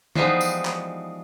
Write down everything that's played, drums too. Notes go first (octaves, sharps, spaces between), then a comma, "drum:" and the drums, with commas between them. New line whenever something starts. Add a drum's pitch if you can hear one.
E3 F3 G3 G#3 B3 D#4, drum: tom D#3
drum: tambourine
drum: clap